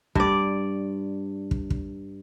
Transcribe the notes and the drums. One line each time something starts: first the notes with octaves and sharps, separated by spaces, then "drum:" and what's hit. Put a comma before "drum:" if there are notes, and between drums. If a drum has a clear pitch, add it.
G2 D5, drum: kick
drum: kick
drum: kick